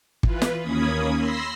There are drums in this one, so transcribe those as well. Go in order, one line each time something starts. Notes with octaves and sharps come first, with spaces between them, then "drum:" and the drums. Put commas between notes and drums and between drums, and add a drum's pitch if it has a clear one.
E3 F4 B4, drum: kick
drum: snare
D#2 A#3 C#4 B5 D#6 G#6
B5 C6 E6 A#6 C7